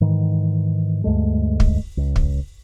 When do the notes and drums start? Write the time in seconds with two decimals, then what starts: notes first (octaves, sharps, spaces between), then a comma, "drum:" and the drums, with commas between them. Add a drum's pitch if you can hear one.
0.01 G#2 D#3 E3
1.04 D2 G2 G#3 A3
1.60 drum: kick
1.97 C#2
2.16 drum: kick